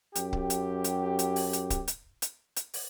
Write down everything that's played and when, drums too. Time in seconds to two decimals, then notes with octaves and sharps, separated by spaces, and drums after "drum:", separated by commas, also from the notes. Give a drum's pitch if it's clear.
0.15 F#2 G4, drum: hi-hat
0.33 drum: kick C#1
0.50 drum: hi-hat
0.84 drum: hi-hat
1.19 drum: hi-hat
1.36 drum: open hi-hat
1.53 drum: hi-hat
1.70 drum: kick C#1, hi-hat
1.88 drum: hi-hat
2.22 drum: hi-hat
2.56 drum: hi-hat
2.74 drum: open hi-hat